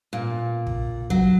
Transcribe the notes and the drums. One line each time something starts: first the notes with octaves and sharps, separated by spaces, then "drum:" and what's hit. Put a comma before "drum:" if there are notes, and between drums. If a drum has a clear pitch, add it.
A#2
drum: kick
F#3, drum: kick